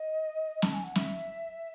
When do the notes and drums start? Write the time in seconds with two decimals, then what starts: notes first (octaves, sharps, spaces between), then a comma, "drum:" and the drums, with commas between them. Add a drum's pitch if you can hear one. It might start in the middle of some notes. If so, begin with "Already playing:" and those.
Already playing: D#5
0.62 A5, drum: snare
0.74 G#5
0.84 F#5
0.95 E5, drum: snare